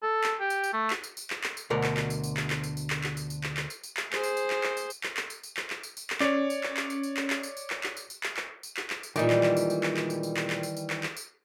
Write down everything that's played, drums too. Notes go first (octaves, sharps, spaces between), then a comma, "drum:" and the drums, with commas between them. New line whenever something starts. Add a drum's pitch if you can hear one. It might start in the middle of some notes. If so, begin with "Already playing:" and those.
A4
drum: clap
G4
drum: tambourine
drum: tambourine
A3
drum: clap
drum: tambourine
drum: tambourine
drum: clap
drum: clap
drum: tambourine
D2 B2 A#4 D5 F#5
drum: clap
drum: clap
drum: tambourine
drum: tambourine
drum: clap
drum: clap
drum: tambourine
drum: tambourine
drum: clap
drum: clap
drum: tambourine
drum: tambourine
drum: clap
drum: clap
drum: tambourine
drum: tambourine
drum: clap
G#4 C5, drum: clap
drum: tambourine
drum: tambourine
drum: clap
drum: clap
drum: tambourine
drum: tambourine
drum: clap
drum: clap
drum: tambourine
drum: tambourine
drum: clap
drum: clap
drum: tambourine
drum: tambourine
drum: clap
C#4 C#5 D5, drum: clap
drum: tambourine
drum: clap
drum: clap
drum: tambourine
drum: tambourine
drum: clap
drum: clap
drum: tambourine
drum: tambourine
drum: clap
drum: clap
drum: tambourine
drum: tambourine
drum: clap
drum: clap
drum: tambourine
drum: clap
drum: clap
drum: tambourine
A#2 D#3 E3 G3 G#3 D#4 D5, drum: tambourine
drum: clap
drum: clap
drum: tambourine
drum: tambourine
drum: clap
drum: clap
drum: tambourine
drum: tambourine
drum: clap
drum: clap
drum: tambourine
drum: tambourine
drum: clap
drum: clap
drum: tambourine